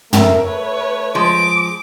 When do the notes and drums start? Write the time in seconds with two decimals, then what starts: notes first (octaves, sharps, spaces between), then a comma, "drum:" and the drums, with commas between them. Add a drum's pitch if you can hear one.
0.13 A3 A#4 E5, drum: tom
0.45 B4 C#5
1.15 F3 G#3 D6